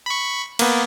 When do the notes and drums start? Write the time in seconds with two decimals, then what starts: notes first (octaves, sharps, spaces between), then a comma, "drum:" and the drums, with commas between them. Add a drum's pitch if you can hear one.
0.06 B5 C#6
0.59 A#3 B3, drum: cymbal